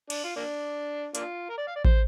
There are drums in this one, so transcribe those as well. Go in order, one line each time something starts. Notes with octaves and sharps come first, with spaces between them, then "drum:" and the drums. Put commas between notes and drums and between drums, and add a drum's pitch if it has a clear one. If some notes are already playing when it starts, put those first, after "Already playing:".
D4, drum: cymbal
F4
A#3 D4
A#3 D4 F4, drum: hi-hat
A#4
D5
F5
D5
C5, drum: kick A1